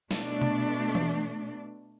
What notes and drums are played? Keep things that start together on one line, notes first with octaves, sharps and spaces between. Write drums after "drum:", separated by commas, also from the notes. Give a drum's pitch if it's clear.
B2 A3 D4, drum: snare
drum: tom B2
drum: tom E3